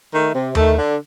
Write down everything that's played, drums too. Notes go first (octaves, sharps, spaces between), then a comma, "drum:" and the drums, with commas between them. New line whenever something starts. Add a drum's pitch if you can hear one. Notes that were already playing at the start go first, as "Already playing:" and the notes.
D#3 A3
C3
D#3 A3, drum: tom D#2
D3